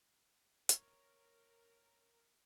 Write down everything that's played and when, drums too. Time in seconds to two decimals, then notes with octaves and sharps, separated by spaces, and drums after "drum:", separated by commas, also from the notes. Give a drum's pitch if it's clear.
0.69 A#4 C#5, drum: hi-hat